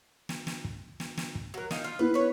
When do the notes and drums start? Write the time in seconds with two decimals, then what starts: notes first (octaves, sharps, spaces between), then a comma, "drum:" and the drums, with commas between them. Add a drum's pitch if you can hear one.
0.29 drum: snare
0.47 drum: snare
0.65 drum: kick
1.00 drum: snare
1.18 drum: snare
1.35 drum: kick
1.54 F#3 A#4
1.71 D#4 F5, drum: snare
1.84 F4
1.99 B3 E4 B4
2.14 B4 C#5